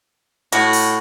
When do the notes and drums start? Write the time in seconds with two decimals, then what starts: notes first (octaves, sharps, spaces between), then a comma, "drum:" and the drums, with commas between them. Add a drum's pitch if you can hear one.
0.52 A2 F#4, drum: hi-hat
0.73 drum: open hi-hat